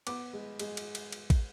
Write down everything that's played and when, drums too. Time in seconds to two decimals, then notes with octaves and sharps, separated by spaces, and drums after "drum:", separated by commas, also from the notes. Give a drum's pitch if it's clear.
0.07 B3 D6, drum: cymbal
0.33 G#3
0.59 G#3, drum: cymbal
0.77 drum: cymbal
0.95 drum: cymbal
1.12 drum: cymbal
1.30 drum: kick, cymbal